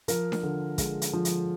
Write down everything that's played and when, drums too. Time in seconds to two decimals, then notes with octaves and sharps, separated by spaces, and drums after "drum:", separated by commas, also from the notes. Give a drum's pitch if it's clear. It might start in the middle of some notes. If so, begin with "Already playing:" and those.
0.08 F3 A#4, drum: hi-hat
0.32 drum: snare D4
0.43 D3
0.78 G#3, drum: kick, hi-hat
1.02 drum: hi-hat
1.13 F3
1.25 drum: hi-hat